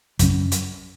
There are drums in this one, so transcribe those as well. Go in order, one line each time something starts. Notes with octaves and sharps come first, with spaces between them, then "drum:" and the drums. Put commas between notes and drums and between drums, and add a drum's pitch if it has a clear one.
F#2 C#3 F#3 C#4, drum: kick, hi-hat
drum: hi-hat